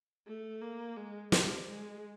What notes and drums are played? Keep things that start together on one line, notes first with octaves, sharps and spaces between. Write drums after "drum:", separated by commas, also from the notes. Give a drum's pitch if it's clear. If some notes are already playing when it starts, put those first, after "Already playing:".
A3
A#3
G#3
G3, drum: snare
G#3